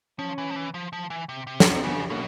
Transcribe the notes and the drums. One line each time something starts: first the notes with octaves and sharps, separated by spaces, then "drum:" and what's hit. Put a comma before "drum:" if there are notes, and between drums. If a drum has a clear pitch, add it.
F3 C#4
E3
F3
E3
F3
F3
E3
C3
C3
D4, drum: snare
C3 C#4
C4
C#3 B3
B2 A#3